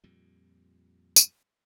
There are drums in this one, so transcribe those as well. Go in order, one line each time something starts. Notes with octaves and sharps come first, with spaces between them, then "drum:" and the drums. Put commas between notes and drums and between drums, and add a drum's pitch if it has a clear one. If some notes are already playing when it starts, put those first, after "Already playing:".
F2 A#2 G3
drum: tambourine